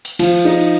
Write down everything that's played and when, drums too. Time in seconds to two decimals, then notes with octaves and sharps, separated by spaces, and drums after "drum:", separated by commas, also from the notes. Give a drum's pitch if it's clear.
0.05 drum: hi-hat
0.19 F3, drum: cymbal
0.45 D#4